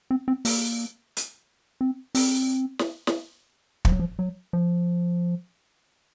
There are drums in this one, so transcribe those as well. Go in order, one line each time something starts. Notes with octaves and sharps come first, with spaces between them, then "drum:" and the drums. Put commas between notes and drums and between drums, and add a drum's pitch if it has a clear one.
C4
C4
A#3, drum: open hi-hat
drum: hi-hat
C4
C4, drum: open hi-hat
drum: snare
drum: snare
F3, drum: kick
F#3
F3
F#3
F3